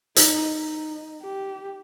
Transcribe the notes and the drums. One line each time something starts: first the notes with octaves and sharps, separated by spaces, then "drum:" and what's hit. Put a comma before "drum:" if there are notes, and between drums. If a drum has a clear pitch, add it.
D#4, drum: hi-hat
D#4
G4